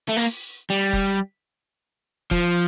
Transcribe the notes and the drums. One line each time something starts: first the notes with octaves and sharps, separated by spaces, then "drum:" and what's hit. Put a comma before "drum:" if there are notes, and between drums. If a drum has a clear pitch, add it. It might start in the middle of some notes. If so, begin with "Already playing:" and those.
A3
A#3, drum: open hi-hat
G3
drum: kick F1
F3, drum: kick F1